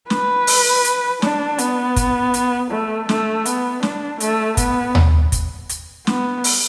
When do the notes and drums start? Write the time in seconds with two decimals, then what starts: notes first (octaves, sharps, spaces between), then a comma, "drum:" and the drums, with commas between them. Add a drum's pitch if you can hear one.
0.10 B4, drum: snare
0.47 drum: open hi-hat
0.84 drum: hi-hat
1.22 D4, drum: snare
1.58 B3, drum: hi-hat
1.96 drum: kick, hi-hat
2.34 drum: hi-hat
2.70 A3
3.09 A3, drum: snare
3.45 B3, drum: hi-hat
3.83 D4, drum: snare
4.20 A3, drum: hi-hat
4.57 B3, drum: kick, hi-hat
4.95 drum: tom D#2
5.32 drum: kick, hi-hat
5.69 drum: hi-hat
6.07 B3, drum: snare
6.44 drum: open hi-hat